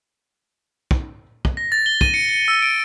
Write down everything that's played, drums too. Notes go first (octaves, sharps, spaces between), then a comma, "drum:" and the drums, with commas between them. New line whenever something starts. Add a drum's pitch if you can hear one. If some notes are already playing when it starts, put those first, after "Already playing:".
drum: kick
drum: kick
A#6
A6
G7
D#7, drum: kick
C#7
C#7
E6
D7